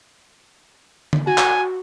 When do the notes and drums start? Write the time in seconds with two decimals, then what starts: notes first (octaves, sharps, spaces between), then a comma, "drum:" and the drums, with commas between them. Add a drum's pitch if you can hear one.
1.13 drum: tom
1.27 F#4 G#5
1.38 drum: clap